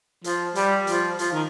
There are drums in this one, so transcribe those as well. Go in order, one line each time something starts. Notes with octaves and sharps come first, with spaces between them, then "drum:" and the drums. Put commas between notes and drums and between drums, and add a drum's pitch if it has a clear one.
F3, drum: hi-hat
G3, drum: hi-hat
F3, drum: hi-hat
F3, drum: hi-hat
D#3